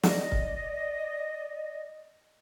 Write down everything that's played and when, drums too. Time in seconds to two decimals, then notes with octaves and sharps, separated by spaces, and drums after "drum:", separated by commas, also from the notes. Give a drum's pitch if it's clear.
0.03 D5 D#5, drum: snare
0.32 drum: kick